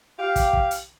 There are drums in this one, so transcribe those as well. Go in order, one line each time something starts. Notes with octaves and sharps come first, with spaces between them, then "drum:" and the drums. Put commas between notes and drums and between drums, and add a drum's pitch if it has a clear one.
G4 F5
drum: kick, hi-hat
drum: kick
drum: hi-hat